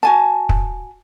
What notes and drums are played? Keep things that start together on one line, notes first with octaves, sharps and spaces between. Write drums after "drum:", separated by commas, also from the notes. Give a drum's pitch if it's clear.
F#4 G#5 A5
drum: kick